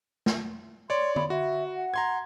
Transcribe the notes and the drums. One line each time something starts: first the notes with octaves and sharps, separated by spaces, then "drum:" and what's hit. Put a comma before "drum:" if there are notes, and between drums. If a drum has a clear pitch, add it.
drum: snare
C#5 D5 C6
B5, drum: tom D3
F#4 E5
F#5
A#5 C6 G#6